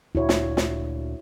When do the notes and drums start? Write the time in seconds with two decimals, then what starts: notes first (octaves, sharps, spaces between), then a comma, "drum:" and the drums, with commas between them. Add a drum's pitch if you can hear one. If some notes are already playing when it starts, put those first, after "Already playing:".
0.15 D2 A#2 E4 F#4 C#5
0.29 drum: snare
0.57 drum: snare